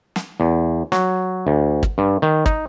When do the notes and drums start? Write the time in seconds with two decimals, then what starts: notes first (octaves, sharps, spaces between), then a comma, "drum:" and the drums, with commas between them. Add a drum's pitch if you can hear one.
0.16 drum: snare
0.40 E2
0.92 F#3, drum: snare
1.47 D2
1.83 drum: kick
1.98 G2
2.22 D#3
2.46 D#4, drum: kick